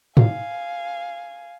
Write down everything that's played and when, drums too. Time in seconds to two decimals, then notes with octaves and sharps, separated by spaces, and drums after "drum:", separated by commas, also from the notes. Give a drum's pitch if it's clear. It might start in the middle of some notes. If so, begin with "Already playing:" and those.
0.17 F5 G#5, drum: tom G#2